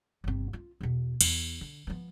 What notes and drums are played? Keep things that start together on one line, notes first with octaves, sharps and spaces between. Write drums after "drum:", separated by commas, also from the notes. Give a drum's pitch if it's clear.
G1 C3
F4
E2 B2
E2, drum: cymbal
D3
F3 B3